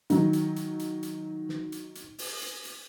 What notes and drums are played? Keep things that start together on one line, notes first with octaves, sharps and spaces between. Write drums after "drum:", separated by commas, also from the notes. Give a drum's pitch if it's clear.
D#3 F#3, drum: hi-hat
drum: hi-hat
drum: hi-hat
drum: hi-hat
drum: hi-hat
drum: snare
drum: hi-hat
drum: hi-hat
drum: open hi-hat
drum: hi-hat
drum: hi-hat